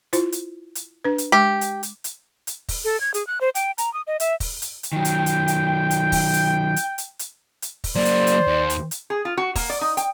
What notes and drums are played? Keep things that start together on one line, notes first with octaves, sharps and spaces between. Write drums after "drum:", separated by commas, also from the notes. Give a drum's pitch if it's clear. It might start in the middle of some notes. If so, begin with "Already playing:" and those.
E4 F4 C5, drum: hi-hat
drum: hi-hat
drum: hi-hat
D4 B4
drum: hi-hat
G#3 G4
drum: hi-hat
drum: hi-hat
drum: hi-hat
drum: hi-hat
drum: kick, open hi-hat
A4
G#6
G#4, drum: hi-hat
F#6
C5
G5, drum: hi-hat
A#5, drum: hi-hat
D#6
D#5
E5, drum: hi-hat
drum: kick, open hi-hat
drum: hi-hat
drum: hi-hat
D#3 F#3 G5
drum: hi-hat
drum: hi-hat
drum: hi-hat
drum: hi-hat
drum: kick, open hi-hat
drum: hi-hat
drum: hi-hat
drum: hi-hat
drum: hi-hat
drum: hi-hat
drum: kick, open hi-hat
F#3 A#3 C5 D5
drum: hi-hat
drum: hi-hat
D#2
drum: hi-hat
drum: hi-hat
G#4
F4
F#4
A#3, drum: kick, open hi-hat
D5
D#4
G5, drum: hi-hat